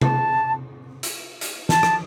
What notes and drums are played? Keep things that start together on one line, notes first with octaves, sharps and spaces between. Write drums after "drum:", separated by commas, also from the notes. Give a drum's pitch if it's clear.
A5, drum: tom C3
drum: hi-hat
drum: hi-hat
A5, drum: snare
drum: rim click